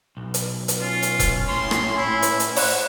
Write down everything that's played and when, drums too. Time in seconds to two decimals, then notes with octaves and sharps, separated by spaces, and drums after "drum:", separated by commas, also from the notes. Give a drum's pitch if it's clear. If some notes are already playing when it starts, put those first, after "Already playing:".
0.17 B1
0.34 drum: hi-hat
0.68 drum: hi-hat
0.81 C#4 F4
1.02 drum: hi-hat
1.20 drum: kick E1, hi-hat
1.48 A2 C#5 C6
1.71 drum: rim click
1.97 E4
2.22 drum: hi-hat
2.40 drum: hi-hat
2.56 C5 F#5, drum: open hi-hat